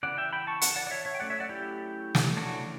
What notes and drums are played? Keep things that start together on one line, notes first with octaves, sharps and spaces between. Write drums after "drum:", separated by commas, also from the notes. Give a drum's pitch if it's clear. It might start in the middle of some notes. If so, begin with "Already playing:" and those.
C#3 E3 B3 D5 F#5
E5 G5
G5 B5
A5 C#6
F#5 A5, drum: hi-hat
D5 F#5
D5
C#5 E5
C#5 E5
G5
F#3 A3 C#4 D5 F#5
C#5 E5
D5 F#5
E4 G4
drum: snare
C#3 E3 A3 C#4 D4 F#4